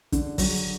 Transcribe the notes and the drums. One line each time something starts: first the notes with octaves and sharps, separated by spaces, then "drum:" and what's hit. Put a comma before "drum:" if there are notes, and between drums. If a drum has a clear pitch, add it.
D3, drum: kick, hi-hat
F#3, drum: kick, open hi-hat